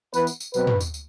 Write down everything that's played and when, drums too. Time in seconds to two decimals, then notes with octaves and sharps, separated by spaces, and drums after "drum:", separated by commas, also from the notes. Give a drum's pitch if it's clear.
0.14 E3 B3 B4, drum: tambourine
0.27 drum: tambourine
0.40 drum: tambourine
0.54 B2 F#3 C4 B4, drum: tambourine
0.67 drum: tom
0.81 drum: tambourine
0.94 drum: tambourine